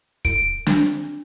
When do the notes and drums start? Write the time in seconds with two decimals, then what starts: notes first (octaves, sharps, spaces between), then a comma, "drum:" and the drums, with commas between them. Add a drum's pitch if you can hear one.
0.25 D7, drum: kick
0.66 D4, drum: snare